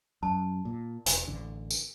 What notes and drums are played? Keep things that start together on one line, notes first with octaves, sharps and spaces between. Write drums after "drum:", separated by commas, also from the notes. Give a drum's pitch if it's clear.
F#2 A5
A#2
E1 G#5, drum: hi-hat
A1 D3
drum: tambourine